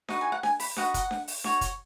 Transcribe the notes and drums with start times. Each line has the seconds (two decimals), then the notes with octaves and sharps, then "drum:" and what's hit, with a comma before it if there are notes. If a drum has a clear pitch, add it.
0.08 D#4 F#4 B4 F#5, drum: snare D4
0.21 G#5
0.32 F#5
0.43 G#5, drum: snare D4
0.60 B5, drum: open hi-hat
0.76 D#4 F#4 B4 D#5 F#5, drum: snare D4
0.94 F#5, drum: kick, hi-hat
1.11 drum: snare D4
1.28 drum: open hi-hat
1.44 F#4 C#5, drum: snare D4
1.61 drum: kick, hi-hat